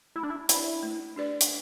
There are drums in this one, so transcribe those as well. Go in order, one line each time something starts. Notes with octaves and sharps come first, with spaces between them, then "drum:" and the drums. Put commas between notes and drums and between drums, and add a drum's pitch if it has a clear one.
A3 E4
D4
E4
D4 E4 G4 B4 D5, drum: hi-hat
A3
D4 G4 B4 D5
drum: hi-hat